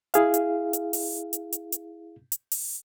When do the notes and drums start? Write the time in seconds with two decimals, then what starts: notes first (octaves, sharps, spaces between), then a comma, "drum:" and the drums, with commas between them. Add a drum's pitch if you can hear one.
0.14 E4 G#4 F5, drum: hi-hat
0.34 drum: hi-hat
0.73 drum: hi-hat
0.93 drum: open hi-hat
1.33 drum: hi-hat
1.52 drum: hi-hat
1.72 drum: hi-hat
2.32 drum: hi-hat
2.52 drum: open hi-hat